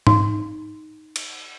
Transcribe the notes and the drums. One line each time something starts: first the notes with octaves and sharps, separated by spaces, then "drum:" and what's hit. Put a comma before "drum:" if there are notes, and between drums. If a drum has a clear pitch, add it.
D#4, drum: tom G#2
drum: cymbal